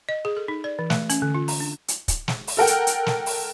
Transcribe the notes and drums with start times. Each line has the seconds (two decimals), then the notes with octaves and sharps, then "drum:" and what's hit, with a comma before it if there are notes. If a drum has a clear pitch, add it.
0.09 D#5
0.25 G#4
0.37 A4
0.48 D#4
0.64 D5
0.79 E3
0.90 A3, drum: snare
1.10 C#4, drum: hi-hat
1.22 D3
1.35 F4
1.48 A#5, drum: open hi-hat
1.60 D4
1.88 drum: hi-hat
2.08 drum: kick, hi-hat
2.28 drum: snare
2.47 drum: open hi-hat
2.57 A4 A#4 F#5 G5
2.67 drum: hi-hat
2.87 drum: hi-hat
3.06 drum: snare
3.26 drum: open hi-hat